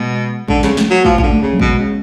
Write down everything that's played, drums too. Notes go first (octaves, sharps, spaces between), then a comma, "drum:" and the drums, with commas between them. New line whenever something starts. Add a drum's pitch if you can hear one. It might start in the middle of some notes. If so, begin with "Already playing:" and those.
Already playing: B2 G#3
D3 G#3, drum: kick
C#3, drum: snare
A3, drum: snare
F#3
F3 A3, drum: kick
F3, drum: kick
D3
A3
C#3
F#3
B2 G#3, drum: kick
C#3